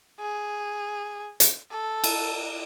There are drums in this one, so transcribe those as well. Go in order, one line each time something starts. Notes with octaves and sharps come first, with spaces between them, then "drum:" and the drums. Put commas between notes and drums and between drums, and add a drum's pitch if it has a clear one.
G#4
drum: hi-hat
A4
drum: cymbal